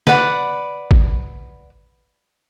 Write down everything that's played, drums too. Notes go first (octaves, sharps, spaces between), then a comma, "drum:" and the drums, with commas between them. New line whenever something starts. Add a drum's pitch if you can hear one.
B4 D5 F#5 B5, drum: snare
drum: kick G#1